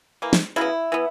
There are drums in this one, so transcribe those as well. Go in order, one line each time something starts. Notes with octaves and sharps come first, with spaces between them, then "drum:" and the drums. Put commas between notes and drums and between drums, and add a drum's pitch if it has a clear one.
E3 A#3
drum: snare
C#3 F#3 B3 E4
E3 B3